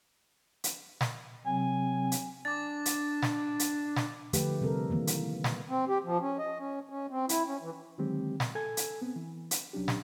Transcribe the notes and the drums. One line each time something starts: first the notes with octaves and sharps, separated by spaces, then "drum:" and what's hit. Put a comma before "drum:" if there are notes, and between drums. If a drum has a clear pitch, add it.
drum: hi-hat
drum: snare
C3 F#3 C4 G#5
drum: hi-hat
D4 D6 A6
drum: hi-hat
drum: snare
drum: hi-hat
drum: snare
D3 F3 A3 G4 B4, drum: hi-hat
C3 G3 C4 A4 A#4
D#3 E3 A#3
drum: hi-hat
drum: snare
C4
G4
F3
C#4
D#5
C#4
C#4
C4
E4, drum: hi-hat
C#4
E3
D3 D#3 F#3 G#3 C4 G4
drum: snare
A4 G#5 G#6
drum: hi-hat
B3 C4
E3
drum: hi-hat
C2 F#3 C#4 D4 G4
drum: snare